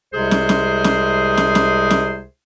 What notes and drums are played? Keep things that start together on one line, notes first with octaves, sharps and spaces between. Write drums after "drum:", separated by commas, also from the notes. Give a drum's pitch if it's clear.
C2 C3 G#3 G#4 C5
drum: snare
drum: snare
drum: snare
drum: snare
drum: snare
drum: snare